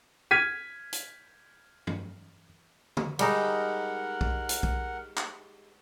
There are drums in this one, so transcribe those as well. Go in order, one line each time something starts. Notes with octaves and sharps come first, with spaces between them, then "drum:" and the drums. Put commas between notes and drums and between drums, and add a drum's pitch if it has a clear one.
F6 G#6 B6 D#7
drum: hi-hat
drum: tom
drum: tom D3
G3 G#3 D#4 A#4 F#5, drum: cymbal
drum: kick B1
drum: hi-hat
drum: kick B1
drum: clap